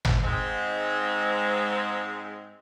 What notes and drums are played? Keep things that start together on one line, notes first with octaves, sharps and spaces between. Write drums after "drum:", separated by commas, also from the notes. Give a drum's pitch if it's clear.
drum: tom G#1
G#2 G#3 C4